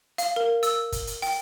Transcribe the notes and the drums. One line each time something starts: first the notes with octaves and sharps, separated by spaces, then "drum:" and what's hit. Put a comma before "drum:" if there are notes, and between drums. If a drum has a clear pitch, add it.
F5, drum: hi-hat
A#4
E6, drum: hi-hat
drum: kick, hi-hat
drum: hi-hat
G5, drum: open hi-hat